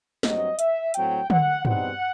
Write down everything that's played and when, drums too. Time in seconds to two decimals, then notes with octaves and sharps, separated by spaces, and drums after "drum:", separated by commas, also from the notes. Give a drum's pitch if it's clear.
0.23 G2 F#3 C4 D#5, drum: snare
0.59 E5, drum: hi-hat
0.94 A2 F#3 C4 G5, drum: hi-hat
1.30 F#5, drum: tom
1.65 E2 B2 G3 C4 D#4 F#5, drum: tom